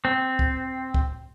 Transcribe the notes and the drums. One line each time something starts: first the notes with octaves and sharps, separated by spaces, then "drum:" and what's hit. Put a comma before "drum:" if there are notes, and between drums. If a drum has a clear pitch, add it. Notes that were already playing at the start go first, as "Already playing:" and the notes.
C4
drum: kick C#2
drum: kick C#2